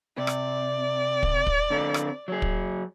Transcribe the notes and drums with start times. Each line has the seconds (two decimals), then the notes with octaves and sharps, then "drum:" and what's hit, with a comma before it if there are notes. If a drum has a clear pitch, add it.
0.18 C3 D5
0.27 drum: rim click
1.23 drum: kick
1.47 drum: kick
1.70 D3 C4 A4
1.94 drum: rim click
2.28 F#3 G#4
2.42 drum: kick